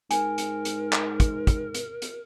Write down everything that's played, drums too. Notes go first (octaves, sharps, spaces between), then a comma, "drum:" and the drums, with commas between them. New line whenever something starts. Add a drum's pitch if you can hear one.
G#2 A#4 G#5, drum: hi-hat
drum: hi-hat
drum: hi-hat
drum: clap
drum: kick, hi-hat
drum: kick, hi-hat
drum: hi-hat
drum: hi-hat